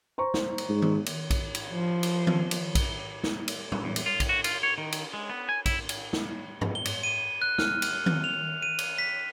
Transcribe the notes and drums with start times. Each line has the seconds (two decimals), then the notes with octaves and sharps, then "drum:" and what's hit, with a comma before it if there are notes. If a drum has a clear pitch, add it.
0.18 C5 A#5 C#6
0.34 drum: snare
0.58 drum: cymbal
0.69 G#2
0.82 drum: tom D#3
1.06 drum: cymbal
1.30 drum: kick A#1, cymbal
1.55 drum: cymbal
1.71 F3
2.03 drum: cymbal
2.27 drum: tom D#3
2.51 drum: cymbal
2.75 drum: kick A#1, cymbal
3.24 drum: snare
3.48 drum: cymbal
3.72 drum: tom A2
3.84 E2
3.96 drum: cymbal
4.06 F4
4.20 drum: kick A#1, cymbal
4.29 F#4
4.44 F4, drum: cymbal
4.63 C#5
4.78 D#3
4.92 drum: cymbal
5.14 G#3
5.30 B3
5.49 G#5
5.66 E4, drum: kick A#1, cymbal
5.89 drum: cymbal
6.13 drum: snare
6.61 drum: tom G2
6.75 G7
6.85 drum: cymbal
7.03 D#7
7.42 F#6
7.58 F6, drum: snare
7.82 drum: cymbal
8.06 drum: tom D#3
8.24 F7
8.62 D#7
8.79 drum: cymbal
8.98 B6